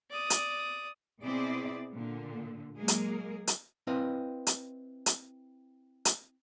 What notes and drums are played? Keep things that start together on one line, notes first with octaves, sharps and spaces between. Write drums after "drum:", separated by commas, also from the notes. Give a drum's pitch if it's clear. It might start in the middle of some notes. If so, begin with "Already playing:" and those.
D5 D#6
drum: hi-hat
B2 C4 E4 G#4 D5
A#2 D3
F#3 G#3 A#3 G#4 A#4
drum: hi-hat
drum: hi-hat
C4 E4 B4 D#5 F5
drum: hi-hat
drum: hi-hat
drum: hi-hat